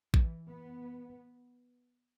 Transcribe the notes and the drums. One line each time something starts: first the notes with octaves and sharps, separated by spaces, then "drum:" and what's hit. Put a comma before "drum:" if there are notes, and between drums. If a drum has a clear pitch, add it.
E3, drum: kick
B3